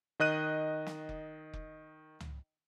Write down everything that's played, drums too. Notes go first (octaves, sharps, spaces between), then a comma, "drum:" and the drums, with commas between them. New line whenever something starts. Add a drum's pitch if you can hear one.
D#3 D#5 F#6 D#7
drum: snare
drum: kick F1
drum: kick F1
drum: tom C#2